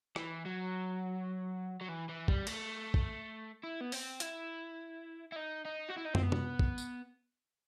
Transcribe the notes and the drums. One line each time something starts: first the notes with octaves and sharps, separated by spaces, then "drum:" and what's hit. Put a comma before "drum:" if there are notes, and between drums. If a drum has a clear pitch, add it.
E3, drum: rim click
F#3
F#3
E3
E3
G3, drum: kick
A3, drum: cymbal
drum: kick
E4
B3
C4, drum: open hi-hat
E4, drum: hi-hat
E4
D#4
D#4
F#4
E4
D#4
C4, drum: tom
B3
drum: tom
drum: kick
drum: tambourine